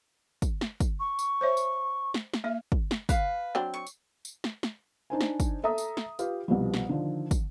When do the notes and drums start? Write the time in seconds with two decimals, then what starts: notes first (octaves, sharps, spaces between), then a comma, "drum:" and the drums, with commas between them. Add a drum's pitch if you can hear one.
0.42 drum: kick, tambourine
0.61 drum: snare
0.80 drum: kick, tambourine
1.00 C#6
1.19 drum: tambourine
1.41 C5 C#5 E5
1.57 drum: tambourine
2.14 drum: snare
2.34 drum: snare
2.44 A#3 E5
2.72 drum: kick
2.91 drum: snare
3.09 B4 F5, drum: kick, tambourine
3.55 F#3 C4 D4
3.74 C#6
3.87 drum: tambourine
4.25 drum: tambourine
4.44 drum: snare
4.63 drum: snare
5.10 D4 D#4 C5 G#5
5.21 drum: snare
5.40 drum: kick, tambourine
5.64 A4 E5 A#5 D#6
5.78 drum: tambourine
5.97 drum: snare
6.19 F4 G4 B4 F5, drum: tambourine
6.48 C2 B2 F3 G3
6.74 drum: snare
6.89 D3 D#3 F3
7.31 drum: kick, tambourine